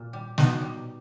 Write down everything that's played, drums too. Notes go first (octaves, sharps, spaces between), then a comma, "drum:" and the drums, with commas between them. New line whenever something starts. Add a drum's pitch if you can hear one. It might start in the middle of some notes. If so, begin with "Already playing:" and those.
Already playing: A#2
G3
B2 B3 D#4, drum: snare
G3